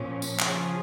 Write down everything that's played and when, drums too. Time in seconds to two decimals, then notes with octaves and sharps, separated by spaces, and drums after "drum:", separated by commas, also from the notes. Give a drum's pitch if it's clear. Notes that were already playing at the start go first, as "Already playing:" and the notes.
Already playing: A#2 F3 C#4
0.22 drum: tambourine
0.39 C#3 F3 C#4 F4 G#4, drum: clap